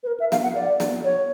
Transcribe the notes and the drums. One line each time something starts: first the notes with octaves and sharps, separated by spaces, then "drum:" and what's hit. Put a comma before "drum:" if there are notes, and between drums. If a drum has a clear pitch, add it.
B4
A#4
E5
F5, drum: snare
F#5
D5
drum: snare
C#5